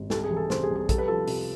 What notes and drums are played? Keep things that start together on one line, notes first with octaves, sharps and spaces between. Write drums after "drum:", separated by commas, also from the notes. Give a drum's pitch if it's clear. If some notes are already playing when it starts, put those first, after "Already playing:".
Already playing: G#1
C2 A4, drum: snare
G#4
E3
A4
C3 C5, drum: snare
G#4
C2
G#4
C2 A4, drum: kick A#1, hi-hat
B4
F3 A4
C3, drum: open hi-hat